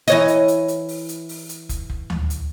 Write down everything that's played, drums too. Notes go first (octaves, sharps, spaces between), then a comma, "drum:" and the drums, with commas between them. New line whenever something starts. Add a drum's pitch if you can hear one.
E3 C#5 D#5, drum: hi-hat
drum: hi-hat
drum: hi-hat
drum: hi-hat
drum: open hi-hat
drum: hi-hat
drum: open hi-hat
drum: hi-hat
drum: kick, hi-hat
drum: kick
drum: tom D2
drum: hi-hat